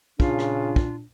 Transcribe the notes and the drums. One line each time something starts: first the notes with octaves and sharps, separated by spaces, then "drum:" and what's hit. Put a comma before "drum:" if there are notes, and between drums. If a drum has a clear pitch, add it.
A#2 C#3 D4 F4, drum: kick
drum: rim click
drum: kick